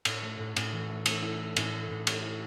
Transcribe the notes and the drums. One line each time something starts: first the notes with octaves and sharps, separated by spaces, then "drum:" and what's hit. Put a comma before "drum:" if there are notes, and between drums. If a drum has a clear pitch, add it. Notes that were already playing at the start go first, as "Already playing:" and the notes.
A2, drum: cymbal
A3
A2
A2, drum: cymbal
E3
A3
A3, drum: cymbal
E4
E4
A2, drum: cymbal
A3
A2
G4, drum: cymbal
E4